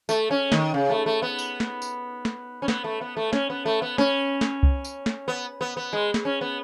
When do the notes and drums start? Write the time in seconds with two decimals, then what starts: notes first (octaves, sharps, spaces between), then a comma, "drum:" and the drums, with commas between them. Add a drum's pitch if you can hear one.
0.09 A3, drum: tambourine
0.31 C#4
0.52 D#3, drum: snare
0.74 C#3
0.90 A3
1.06 A3
1.22 B3
1.38 drum: tambourine
1.60 drum: snare
1.82 drum: tambourine
2.25 drum: snare
2.62 C#4
2.68 B3, drum: snare
2.84 A3
3.01 B3
3.17 A3
3.33 C#4, drum: snare
3.50 B3
3.65 A3
3.82 B3
3.98 C#4, drum: snare
4.41 drum: snare
4.63 drum: kick C2
4.84 drum: tambourine
5.06 drum: snare
5.28 B3
5.61 B3
5.77 B3
5.93 G#3
6.14 drum: snare
6.25 C#4
6.41 B3